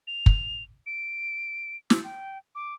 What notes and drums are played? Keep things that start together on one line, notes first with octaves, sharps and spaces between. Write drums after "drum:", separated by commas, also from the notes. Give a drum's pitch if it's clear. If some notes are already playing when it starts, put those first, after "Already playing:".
F7
drum: kick
D7
E6, drum: snare
G5
D6